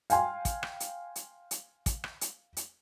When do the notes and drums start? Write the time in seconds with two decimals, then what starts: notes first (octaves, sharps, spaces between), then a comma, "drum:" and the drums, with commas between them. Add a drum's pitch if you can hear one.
0.10 F5 G5 G#5 C6, drum: hi-hat
0.45 drum: kick, hi-hat
0.63 drum: rim click
0.80 drum: hi-hat
1.16 drum: hi-hat
1.51 drum: hi-hat
1.86 drum: kick, hi-hat
2.04 drum: rim click
2.21 drum: hi-hat
2.57 drum: hi-hat